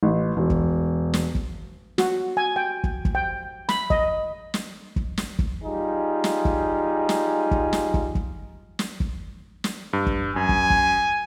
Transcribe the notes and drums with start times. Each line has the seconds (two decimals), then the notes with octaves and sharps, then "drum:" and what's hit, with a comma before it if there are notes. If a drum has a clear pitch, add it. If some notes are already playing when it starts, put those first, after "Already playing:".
0.03 A1
0.37 E1
0.50 drum: kick
1.14 drum: snare
1.35 drum: kick
1.98 F#4, drum: snare
2.37 G#5
2.56 G5
2.84 drum: kick
3.05 drum: kick
3.15 G5
3.69 B5, drum: snare
3.90 D#5, drum: kick
4.54 drum: snare
4.96 drum: kick
5.17 drum: snare
5.39 drum: kick
5.64 G3 D#4 F4 G#4
6.24 drum: snare
6.45 drum: kick
7.09 drum: snare
7.51 drum: kick
7.73 drum: snare
7.94 drum: kick
8.15 drum: kick
8.79 drum: snare
9.00 drum: kick
9.64 drum: snare
9.93 G2
10.06 drum: kick
10.36 F#2 G#5
10.49 drum: kick
10.70 drum: kick